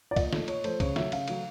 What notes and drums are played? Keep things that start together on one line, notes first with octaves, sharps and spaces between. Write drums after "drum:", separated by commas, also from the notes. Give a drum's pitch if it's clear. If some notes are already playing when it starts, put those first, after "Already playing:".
D5
A#2 D#5, drum: kick C2, cymbal
F3 A3, drum: snare
A#2 C#5, drum: cymbal
F3 A3 C5, drum: cymbal
C#3 C#5, drum: kick C2, cymbal
F#3 A3 E5, drum: snare
C#3 F5, drum: cymbal
F#3 A3, drum: cymbal